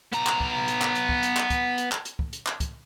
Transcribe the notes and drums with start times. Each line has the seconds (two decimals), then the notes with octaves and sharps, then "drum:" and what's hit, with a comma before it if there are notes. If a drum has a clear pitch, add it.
0.13 B3 A#5, drum: hi-hat
0.27 drum: clap
0.40 drum: kick
0.68 drum: hi-hat
0.82 drum: clap
0.95 drum: hi-hat
1.09 drum: kick
1.23 drum: hi-hat
1.37 drum: clap
1.50 drum: kick, hi-hat
1.78 drum: hi-hat
1.92 drum: clap
2.05 drum: hi-hat
2.19 drum: kick
2.33 drum: hi-hat
2.47 drum: clap
2.60 drum: kick, hi-hat